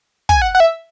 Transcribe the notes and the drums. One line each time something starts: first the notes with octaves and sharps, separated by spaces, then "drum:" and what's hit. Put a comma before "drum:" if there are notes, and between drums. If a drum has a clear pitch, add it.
G#5, drum: kick
F#5
F#5
E5